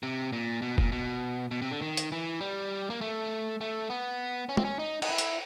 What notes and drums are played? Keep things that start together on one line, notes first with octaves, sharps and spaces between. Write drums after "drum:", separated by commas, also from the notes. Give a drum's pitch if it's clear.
C3
A#2
B2
A#2, drum: kick
B2
B2
C3
D3
D#3
drum: hi-hat
E3
G3
A#3
A3
A3
B3
C#4
C4, drum: tom G#3
C#4
D#4
D#4, drum: cymbal
E4
drum: hi-hat